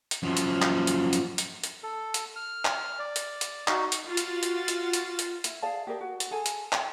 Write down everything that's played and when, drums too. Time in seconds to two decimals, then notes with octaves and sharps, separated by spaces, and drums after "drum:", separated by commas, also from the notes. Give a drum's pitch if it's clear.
0.11 drum: hi-hat
0.23 F#2 F3
0.37 drum: hi-hat
0.62 drum: clap
0.87 drum: hi-hat
1.13 drum: hi-hat
1.38 drum: hi-hat
1.64 drum: hi-hat
1.83 A4
2.14 drum: hi-hat
2.36 F6
2.65 drum: clap
2.99 D5
3.16 drum: hi-hat
3.41 drum: hi-hat
3.68 D#4 F#4, drum: clap
3.92 drum: hi-hat
4.05 F4 F#4 A6
4.17 drum: hi-hat
4.43 drum: hi-hat
4.68 drum: hi-hat
4.93 drum: hi-hat
5.19 drum: hi-hat
5.44 E4, drum: hi-hat
5.62 G#4 D5 F5 A5
5.87 G4 G#4 A#4 D5
6.01 F#4
6.20 drum: hi-hat
6.31 G#4 A4 G#5
6.46 drum: hi-hat
6.73 G5, drum: clap